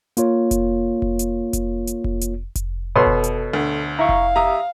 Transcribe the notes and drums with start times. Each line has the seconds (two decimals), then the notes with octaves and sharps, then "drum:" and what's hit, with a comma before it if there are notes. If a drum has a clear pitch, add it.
0.17 A#3 F4 C#5, drum: hi-hat
0.51 drum: kick F1, hi-hat
1.02 drum: kick F1
1.19 drum: hi-hat
1.53 drum: kick F1, hi-hat
1.87 drum: hi-hat
2.04 drum: kick F1
2.21 drum: hi-hat
2.55 drum: kick F1, hi-hat
2.96 B2 A4 C#5 C6
3.07 drum: kick F1
3.24 drum: hi-hat
3.54 D2
3.99 E4 F5 A#5 C#6
4.09 drum: kick F1
4.36 G4 E5 A#5 D#6